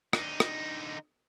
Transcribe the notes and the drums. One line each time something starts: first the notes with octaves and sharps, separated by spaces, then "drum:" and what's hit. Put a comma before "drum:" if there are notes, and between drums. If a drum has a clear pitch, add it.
D3 D#4, drum: rim click
drum: rim click